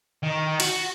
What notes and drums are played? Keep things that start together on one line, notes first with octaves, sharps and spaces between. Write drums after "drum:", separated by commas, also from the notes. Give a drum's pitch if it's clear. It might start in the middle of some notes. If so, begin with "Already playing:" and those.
D#3
F#4, drum: cymbal